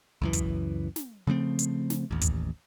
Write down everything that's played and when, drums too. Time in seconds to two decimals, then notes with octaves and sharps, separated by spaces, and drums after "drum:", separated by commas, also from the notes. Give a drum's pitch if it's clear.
0.22 C#2 F#2 E3
0.33 drum: kick, hi-hat
0.96 drum: snare
1.27 C#3 F3 A3 C4
1.59 drum: hi-hat
1.90 drum: snare
2.11 A1 D#2
2.21 drum: kick, hi-hat